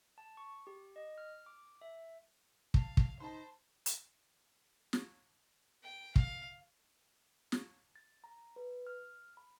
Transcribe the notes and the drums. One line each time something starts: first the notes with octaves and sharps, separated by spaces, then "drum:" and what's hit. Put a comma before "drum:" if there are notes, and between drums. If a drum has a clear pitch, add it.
A5
C#6
G4
D#5
F6
D6
E5
F5 A5, drum: kick
drum: kick
D#4 C5 A5 B5 C6
drum: hi-hat
drum: snare
G5
F5, drum: kick
drum: snare
A6
A#5
B4
F6
B5